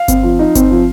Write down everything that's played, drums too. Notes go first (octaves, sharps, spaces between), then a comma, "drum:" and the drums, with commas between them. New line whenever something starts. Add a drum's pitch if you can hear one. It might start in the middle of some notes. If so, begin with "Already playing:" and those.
Already playing: F5
C4, drum: kick G1, hi-hat
F3
D#4
C4, drum: kick G1, hi-hat
F3